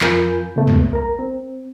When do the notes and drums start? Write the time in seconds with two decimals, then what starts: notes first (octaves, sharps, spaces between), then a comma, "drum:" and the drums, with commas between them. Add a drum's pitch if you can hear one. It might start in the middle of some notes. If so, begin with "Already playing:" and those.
0.01 F2 F4 A#4 G#5 B5 G6, drum: clap
0.56 C#3 G#3 A3 B3
0.67 drum: tom
0.93 A#4 A#5
1.19 C4